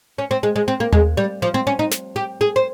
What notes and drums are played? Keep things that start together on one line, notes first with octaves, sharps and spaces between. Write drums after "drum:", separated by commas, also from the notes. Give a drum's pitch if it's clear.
C#4
C4
G#3
G#3
C4
A#3
G#3, drum: tom D#2
G3
F3
C4
C#4
D#4
drum: snare
G4
G#4
C5